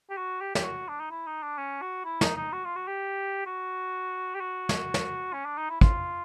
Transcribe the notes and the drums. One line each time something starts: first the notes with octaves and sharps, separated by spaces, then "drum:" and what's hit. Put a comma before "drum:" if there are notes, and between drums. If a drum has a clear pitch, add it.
G4
F#4
G4
G4, drum: snare
F#4
D4
D#4
E4
D#4
D4
C#4
F#4
E4
D#4, drum: snare
D#4
F#4
F4
F#4
G4
F#4
G4
F#4
drum: snare
drum: snare
C#4
D4
D#4
E4
F4, drum: kick